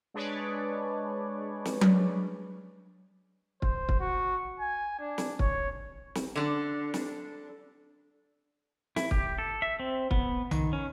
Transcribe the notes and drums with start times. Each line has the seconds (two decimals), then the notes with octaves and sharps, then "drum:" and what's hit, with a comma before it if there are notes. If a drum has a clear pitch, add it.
0.14 G#3 D4 G#4 B4 C#5 D5
1.65 drum: snare
1.81 drum: tom F#3
3.62 C5, drum: kick
3.89 drum: kick
4.00 F#4
4.59 G#5
4.99 D4
5.18 drum: snare
5.39 C#5, drum: kick
6.15 drum: snare
6.36 D3 D4
6.94 drum: snare
8.96 E4, drum: snare
9.11 G4, drum: kick
9.38 A4
9.62 E5
9.80 C4
10.11 B3, drum: kick
10.51 D#3, drum: tom B1
10.73 C#4